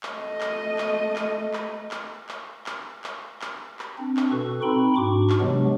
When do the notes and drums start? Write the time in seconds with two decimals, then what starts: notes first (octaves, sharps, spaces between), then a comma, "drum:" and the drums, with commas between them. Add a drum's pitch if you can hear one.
0.03 drum: clap
0.13 A3 D#5
0.41 drum: clap
0.78 drum: clap
1.16 drum: clap
1.53 drum: clap
1.91 drum: clap
2.29 drum: clap
2.66 drum: clap
3.04 drum: clap
3.42 drum: clap
3.79 drum: clap
3.98 C4 D4
4.17 drum: clap
4.31 B2 A4 B4 C#6
4.63 C4 D#4 G5 B5 C6
4.96 G#2 D4 F#4 C#6 D6
5.30 drum: clap
5.40 C3 E3 F#3 G#3 B3 D4